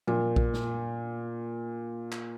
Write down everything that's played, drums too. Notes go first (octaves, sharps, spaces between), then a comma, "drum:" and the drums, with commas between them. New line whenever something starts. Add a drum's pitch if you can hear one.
A#2, drum: tom F3
drum: kick A#1
drum: snare
drum: clap